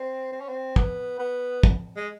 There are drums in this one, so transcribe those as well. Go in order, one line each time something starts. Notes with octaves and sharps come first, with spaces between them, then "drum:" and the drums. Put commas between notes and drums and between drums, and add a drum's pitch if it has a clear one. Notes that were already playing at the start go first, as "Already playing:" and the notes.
Already playing: C4
C4
C#4
C4
B3, drum: kick
B3
drum: kick
G#3